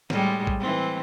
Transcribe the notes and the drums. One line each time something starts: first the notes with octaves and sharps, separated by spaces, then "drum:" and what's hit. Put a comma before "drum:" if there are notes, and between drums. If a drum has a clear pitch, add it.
A2 G3 G#3, drum: snare
drum: kick
E3 C4